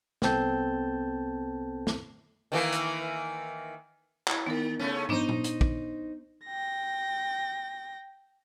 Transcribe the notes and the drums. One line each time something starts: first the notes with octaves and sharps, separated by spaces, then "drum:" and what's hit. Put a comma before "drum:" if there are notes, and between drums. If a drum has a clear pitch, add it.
C2 B3 C4 A4 A5 G6, drum: snare
drum: snare
D#3 E3 A#3
drum: hi-hat
E4 G#6, drum: clap
D#3 B3 A#4
C#3 A3 C#4
B3 D4 D#4 C5, drum: tom
drum: tom A#2
drum: hi-hat
drum: kick
G5 A#6